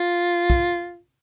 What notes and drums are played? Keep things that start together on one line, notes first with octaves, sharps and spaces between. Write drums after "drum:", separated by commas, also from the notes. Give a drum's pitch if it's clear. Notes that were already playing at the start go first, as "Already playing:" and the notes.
Already playing: F4
drum: kick